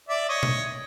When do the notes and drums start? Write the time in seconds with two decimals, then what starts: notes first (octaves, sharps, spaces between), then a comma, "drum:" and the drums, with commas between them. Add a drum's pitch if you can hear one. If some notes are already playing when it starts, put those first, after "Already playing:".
0.08 D5 E5
0.29 C#5 D#5
0.43 drum: tom B2